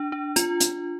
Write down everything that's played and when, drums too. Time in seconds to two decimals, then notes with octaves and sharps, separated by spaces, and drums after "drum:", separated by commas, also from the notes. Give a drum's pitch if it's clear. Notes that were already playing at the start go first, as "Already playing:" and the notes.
Already playing: D4
0.12 D4
0.36 F4, drum: hi-hat
0.61 drum: hi-hat